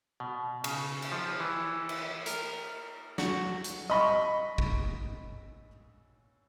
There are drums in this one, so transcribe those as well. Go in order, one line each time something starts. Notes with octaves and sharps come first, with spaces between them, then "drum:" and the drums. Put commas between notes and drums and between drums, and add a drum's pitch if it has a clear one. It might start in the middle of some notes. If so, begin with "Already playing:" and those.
B2
C#3, drum: cymbal
drum: cymbal
F3
E3
drum: cymbal
A#4, drum: hi-hat
F#4, drum: snare
drum: hi-hat
D#5 B5 C#6
drum: kick